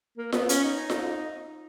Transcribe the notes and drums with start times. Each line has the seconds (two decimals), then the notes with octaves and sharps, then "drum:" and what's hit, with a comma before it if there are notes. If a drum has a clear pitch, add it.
0.18 A#3
0.32 B3, drum: snare F4
0.49 C#4, drum: hi-hat
0.64 D#4
0.90 drum: snare F4